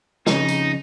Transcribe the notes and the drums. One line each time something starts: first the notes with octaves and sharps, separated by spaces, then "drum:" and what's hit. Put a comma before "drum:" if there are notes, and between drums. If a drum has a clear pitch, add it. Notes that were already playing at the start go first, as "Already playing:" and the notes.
F2 A#2 C#3 D#4, drum: snare
drum: tambourine